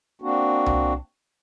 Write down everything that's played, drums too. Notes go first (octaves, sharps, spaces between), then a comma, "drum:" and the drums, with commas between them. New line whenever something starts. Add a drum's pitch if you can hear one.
A#3 C4 D4 F#4
drum: tom C2